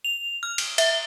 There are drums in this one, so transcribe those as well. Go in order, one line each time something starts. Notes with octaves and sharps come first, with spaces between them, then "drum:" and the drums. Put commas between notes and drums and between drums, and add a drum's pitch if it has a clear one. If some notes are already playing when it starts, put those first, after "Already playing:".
F7
F6
drum: cymbal
E5, drum: cymbal